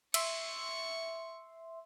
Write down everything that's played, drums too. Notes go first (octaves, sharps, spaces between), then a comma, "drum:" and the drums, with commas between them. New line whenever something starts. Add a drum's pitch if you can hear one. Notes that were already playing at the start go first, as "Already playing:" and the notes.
E5 C6 C#6, drum: cymbal